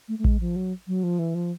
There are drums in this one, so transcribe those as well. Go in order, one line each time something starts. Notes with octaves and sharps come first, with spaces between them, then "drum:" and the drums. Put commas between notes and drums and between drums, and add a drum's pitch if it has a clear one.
A3
A3
G#3, drum: kick A1
F3
F#3
F#3
F3
E3
F3